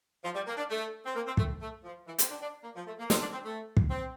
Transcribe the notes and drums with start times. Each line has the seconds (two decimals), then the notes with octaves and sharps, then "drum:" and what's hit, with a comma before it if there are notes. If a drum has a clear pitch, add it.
0.23 F3
0.35 G3
0.47 A#3
0.57 D4
0.70 A3
1.05 C4
1.15 A#3
1.26 C4
1.37 A3, drum: kick
1.61 A3
1.84 F3
2.07 E3
2.19 C4, drum: hi-hat
2.30 D4
2.41 D4
2.63 A#3
2.75 F3
2.86 A3
2.99 A#3
3.10 C4, drum: snare
3.21 D4
3.33 C4
3.45 A3
3.77 drum: kick
3.89 C4